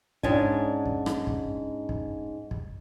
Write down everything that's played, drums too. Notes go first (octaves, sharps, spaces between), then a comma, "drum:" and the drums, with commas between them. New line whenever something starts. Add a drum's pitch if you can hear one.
G#2 C#4 D4 G#5, drum: kick
drum: kick
drum: rim click
drum: kick
drum: kick
drum: kick